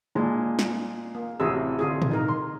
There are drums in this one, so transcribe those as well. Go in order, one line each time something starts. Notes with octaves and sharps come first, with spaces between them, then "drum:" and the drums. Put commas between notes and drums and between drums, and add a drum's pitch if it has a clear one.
A#2 G#3 D4
drum: snare
A#3
A1 C3 F#4 G#4 E6
D3 F4 G#4
drum: tom
D#4 A#4
C6